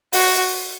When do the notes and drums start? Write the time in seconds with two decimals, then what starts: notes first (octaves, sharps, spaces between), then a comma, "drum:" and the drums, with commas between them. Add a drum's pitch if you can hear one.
0.13 F#4, drum: open hi-hat